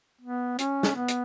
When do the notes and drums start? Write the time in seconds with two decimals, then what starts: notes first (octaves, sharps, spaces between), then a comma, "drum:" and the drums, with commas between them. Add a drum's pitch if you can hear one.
0.22 B3
0.58 C#4, drum: hi-hat
0.83 drum: snare
0.96 B3
1.08 drum: hi-hat